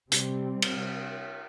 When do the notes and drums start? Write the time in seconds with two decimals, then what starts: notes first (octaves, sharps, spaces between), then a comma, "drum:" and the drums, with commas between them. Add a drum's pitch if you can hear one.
0.12 C3 G3 C4, drum: hi-hat
0.62 drum: cymbal